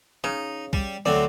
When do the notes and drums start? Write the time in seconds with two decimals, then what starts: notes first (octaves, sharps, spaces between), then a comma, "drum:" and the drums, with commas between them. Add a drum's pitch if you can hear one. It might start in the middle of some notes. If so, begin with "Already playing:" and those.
0.24 C#3 D#4
0.73 G3, drum: kick C2
1.06 D2 F#3 C4 D5